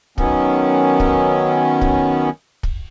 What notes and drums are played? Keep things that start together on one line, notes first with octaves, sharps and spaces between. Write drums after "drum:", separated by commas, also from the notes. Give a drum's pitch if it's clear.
D#3 F#3 B3 C#4, drum: kick
drum: kick
drum: kick
drum: kick